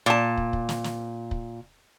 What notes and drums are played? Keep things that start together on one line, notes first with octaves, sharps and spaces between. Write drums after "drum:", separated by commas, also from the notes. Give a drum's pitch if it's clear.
A#2 A5
drum: kick
drum: kick
drum: snare
drum: snare
drum: kick